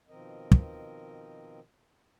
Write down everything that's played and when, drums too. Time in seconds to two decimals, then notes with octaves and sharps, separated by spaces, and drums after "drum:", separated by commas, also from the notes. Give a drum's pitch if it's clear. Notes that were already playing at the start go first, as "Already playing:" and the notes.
0.09 B2 D#3 F3 C4 A#4 D#5
0.51 drum: kick